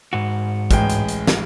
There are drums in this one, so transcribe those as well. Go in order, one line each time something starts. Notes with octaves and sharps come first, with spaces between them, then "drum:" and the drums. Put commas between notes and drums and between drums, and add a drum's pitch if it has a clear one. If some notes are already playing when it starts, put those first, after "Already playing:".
G#2 F#4
A1 G#3 G5, drum: kick, hi-hat
drum: hi-hat
drum: hi-hat
drum: snare